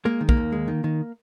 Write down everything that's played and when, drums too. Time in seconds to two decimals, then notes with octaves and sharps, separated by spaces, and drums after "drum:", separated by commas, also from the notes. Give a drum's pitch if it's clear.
0.05 G#3 A#3
0.21 D#3
0.29 A#3, drum: kick
0.37 D#2
0.52 G#3
0.68 D#3
0.84 D#3